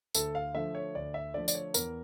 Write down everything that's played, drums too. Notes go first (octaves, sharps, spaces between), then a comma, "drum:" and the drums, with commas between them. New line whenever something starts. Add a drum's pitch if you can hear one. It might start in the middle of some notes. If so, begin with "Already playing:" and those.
D2 A4, drum: tambourine
F5
D3 F3 A3 E5
C#5
D2 D5
E5
D3 F3 A3 D5
D5, drum: tambourine
C#5
E2 A#4, drum: tambourine